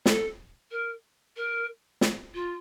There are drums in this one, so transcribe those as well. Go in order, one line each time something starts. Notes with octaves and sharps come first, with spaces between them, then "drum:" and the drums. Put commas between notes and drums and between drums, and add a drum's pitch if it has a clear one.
A4, drum: snare
A#4
A#4
drum: snare
F4